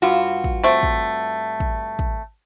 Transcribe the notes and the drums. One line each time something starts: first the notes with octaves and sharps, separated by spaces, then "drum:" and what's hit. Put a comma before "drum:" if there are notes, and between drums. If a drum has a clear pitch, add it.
G2 F4 F#4
drum: kick
A3 C4
drum: kick
drum: kick
drum: kick